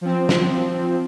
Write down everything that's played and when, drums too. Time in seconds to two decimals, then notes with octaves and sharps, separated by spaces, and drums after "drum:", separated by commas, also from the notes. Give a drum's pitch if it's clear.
0.01 F3 C4
0.29 drum: snare